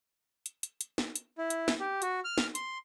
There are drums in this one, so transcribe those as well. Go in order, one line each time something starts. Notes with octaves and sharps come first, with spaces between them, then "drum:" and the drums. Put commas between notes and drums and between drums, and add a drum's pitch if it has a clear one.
drum: hi-hat
drum: hi-hat
drum: hi-hat
drum: snare
drum: hi-hat
E4
drum: hi-hat
drum: snare
G4
F#4, drum: hi-hat
F6
drum: snare
C6, drum: hi-hat